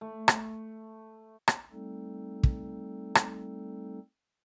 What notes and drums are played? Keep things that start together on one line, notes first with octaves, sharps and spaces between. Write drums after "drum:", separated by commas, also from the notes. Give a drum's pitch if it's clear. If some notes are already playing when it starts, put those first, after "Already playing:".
A3
drum: rim click
drum: rim click
G3 A3 C4 D#4 A4
drum: kick
drum: rim click